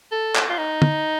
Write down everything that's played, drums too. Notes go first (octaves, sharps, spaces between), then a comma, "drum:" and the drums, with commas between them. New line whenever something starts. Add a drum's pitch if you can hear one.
A4
drum: clap
F4
D#4
drum: tom